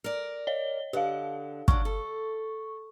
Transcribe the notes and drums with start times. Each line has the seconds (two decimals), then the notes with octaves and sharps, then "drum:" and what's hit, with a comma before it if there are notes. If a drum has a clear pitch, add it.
0.04 A#4 D5
0.47 C#5 D#5 G7
0.93 D3 G4 F5 F#5
1.68 F#3 D4 C#6, drum: kick
1.85 A4